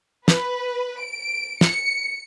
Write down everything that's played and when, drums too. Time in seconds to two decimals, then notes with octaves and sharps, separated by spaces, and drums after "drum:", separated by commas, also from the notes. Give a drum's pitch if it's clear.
0.28 B4, drum: snare
1.00 D7
1.61 C#7, drum: snare